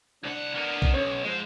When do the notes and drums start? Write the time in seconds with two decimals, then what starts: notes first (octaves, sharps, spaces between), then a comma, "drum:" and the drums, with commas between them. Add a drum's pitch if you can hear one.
0.24 C2 D4 F#5
0.55 A#3 B3
0.82 drum: kick A#1
0.93 B1 C#4
1.24 F3 G#3 C5